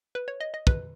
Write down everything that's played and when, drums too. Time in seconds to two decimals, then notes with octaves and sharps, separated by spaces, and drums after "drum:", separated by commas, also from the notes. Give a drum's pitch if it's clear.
0.15 B4
0.28 C#5
0.40 D#5
0.54 D#5
0.67 B4, drum: kick